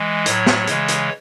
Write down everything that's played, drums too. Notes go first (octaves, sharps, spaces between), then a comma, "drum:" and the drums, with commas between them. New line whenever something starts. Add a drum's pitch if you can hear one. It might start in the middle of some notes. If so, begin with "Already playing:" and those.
Already playing: E3 G#3
A2 F#3 C#5, drum: hi-hat
drum: snare
C#3 E3 G#3, drum: hi-hat
drum: hi-hat